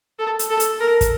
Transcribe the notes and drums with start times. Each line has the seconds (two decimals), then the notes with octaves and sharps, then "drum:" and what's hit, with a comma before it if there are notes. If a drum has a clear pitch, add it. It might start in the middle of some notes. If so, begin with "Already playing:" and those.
0.19 A4
0.39 drum: hi-hat
0.50 A4
0.60 drum: hi-hat
0.80 A#4
1.01 drum: kick, hi-hat